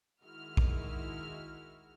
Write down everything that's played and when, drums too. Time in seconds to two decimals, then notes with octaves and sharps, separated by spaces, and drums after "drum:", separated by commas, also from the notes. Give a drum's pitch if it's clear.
0.23 D#3 G#3 E4 F#4 F6
0.57 drum: kick